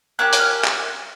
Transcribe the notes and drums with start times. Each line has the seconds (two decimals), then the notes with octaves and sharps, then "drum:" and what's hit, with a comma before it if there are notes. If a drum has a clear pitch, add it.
0.19 A#3 C#4 G4 F#6
0.33 F#6, drum: hi-hat
0.39 F6
0.65 drum: clap